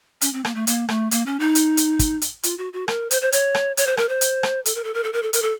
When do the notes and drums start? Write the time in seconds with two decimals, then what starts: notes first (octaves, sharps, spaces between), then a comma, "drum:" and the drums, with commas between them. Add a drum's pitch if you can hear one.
0.21 C#4, drum: hi-hat
0.33 C4
0.45 A#3, drum: rim click
0.55 A3
0.67 A#3, drum: hi-hat
0.89 A3, drum: rim click
1.11 A#3, drum: hi-hat
1.26 C#4
1.40 D#4
1.55 drum: hi-hat
1.77 drum: hi-hat
1.99 drum: kick, hi-hat
2.22 drum: hi-hat
2.43 F4, drum: hi-hat
2.58 F#4
2.73 F#4
2.88 A#4, drum: rim click
3.11 C5, drum: hi-hat
3.22 C5
3.32 C#5, drum: hi-hat
3.55 drum: rim click
3.77 C#5, drum: hi-hat
3.87 C5
3.97 A#4, drum: rim click
4.09 C5
4.21 drum: hi-hat
4.43 drum: rim click
4.65 A4, drum: hi-hat
4.75 A#4
4.84 A4
4.94 A#4
5.04 A4
5.13 A#4
5.23 A4
5.33 A#4, drum: hi-hat
5.42 A4